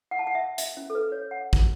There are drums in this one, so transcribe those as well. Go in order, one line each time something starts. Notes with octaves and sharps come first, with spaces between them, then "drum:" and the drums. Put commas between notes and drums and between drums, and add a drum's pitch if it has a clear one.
F#5
A5
F#5
E5
E5, drum: hi-hat
C#4
A4
B4
C#5
F#5
drum: kick